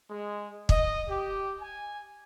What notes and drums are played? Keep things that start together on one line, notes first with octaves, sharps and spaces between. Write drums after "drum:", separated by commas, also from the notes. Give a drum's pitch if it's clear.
G#3
D#5, drum: kick
G4
G#5